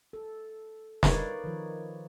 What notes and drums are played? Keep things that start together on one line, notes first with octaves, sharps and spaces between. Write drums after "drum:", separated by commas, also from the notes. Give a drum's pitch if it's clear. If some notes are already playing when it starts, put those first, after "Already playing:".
A4
D#4 A#4 B4 C#5 D5 F5, drum: snare
D#3 F3